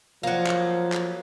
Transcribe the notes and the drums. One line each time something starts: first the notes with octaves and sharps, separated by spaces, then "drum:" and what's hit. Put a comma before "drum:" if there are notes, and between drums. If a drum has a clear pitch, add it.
F3 F#3 A#3
drum: clap
drum: clap